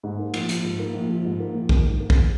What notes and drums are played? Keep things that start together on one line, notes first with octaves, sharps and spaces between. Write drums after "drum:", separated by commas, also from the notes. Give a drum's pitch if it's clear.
G#2
A#3
A#1, drum: cymbal
F3, drum: hi-hat
G#2
A#3
A#1
F3
G#2
A#3
A#1
D#3, drum: kick
G#2
A#3
drum: kick